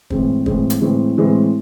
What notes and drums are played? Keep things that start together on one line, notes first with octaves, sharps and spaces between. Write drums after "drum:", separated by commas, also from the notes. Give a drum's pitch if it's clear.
A2 E3 G#3 C4, drum: kick
A2 E3 G#3 C4, drum: kick
drum: hi-hat
A2 E3 G#3 C4
A2 E3 G#3 C4